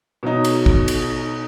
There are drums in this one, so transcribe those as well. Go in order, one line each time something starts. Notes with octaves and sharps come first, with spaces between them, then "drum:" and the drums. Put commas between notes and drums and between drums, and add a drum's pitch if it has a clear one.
B2 F#3 D#4
drum: cymbal
drum: kick
drum: cymbal